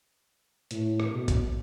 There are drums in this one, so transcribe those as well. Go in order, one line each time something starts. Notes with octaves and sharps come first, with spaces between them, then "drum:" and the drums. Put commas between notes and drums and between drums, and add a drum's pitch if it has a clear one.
A2, drum: hi-hat
drum: rim click
B2
drum: kick A1, hi-hat